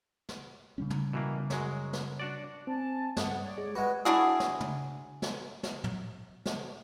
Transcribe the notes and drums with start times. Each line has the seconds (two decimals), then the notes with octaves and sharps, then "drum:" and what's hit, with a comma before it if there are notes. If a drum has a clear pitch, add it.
0.29 drum: snare
0.78 C#3 G3 C#4
0.90 drum: tom
1.13 B2 E3 A#3
1.50 F#2 F#3 G#3, drum: snare
1.93 drum: snare
2.20 D4 F#4 D5
2.67 C4 G#5 A5
3.17 G2 F#5 D#6, drum: snare
3.42 C#5 D5
3.58 G#3
3.75 G#3 F#4 B4
4.05 D4 E4 F#4 G#4
4.40 drum: snare
4.60 drum: tom
5.22 drum: snare
5.63 drum: snare
5.84 drum: tom
6.46 drum: snare